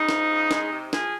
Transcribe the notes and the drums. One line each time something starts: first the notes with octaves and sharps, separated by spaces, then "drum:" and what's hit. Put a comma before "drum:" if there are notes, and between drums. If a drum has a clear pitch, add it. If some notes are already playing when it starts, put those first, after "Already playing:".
Already playing: C#3 D#4
F3, drum: snare
C#3
G#3, drum: snare
C3
F3 G#4, drum: snare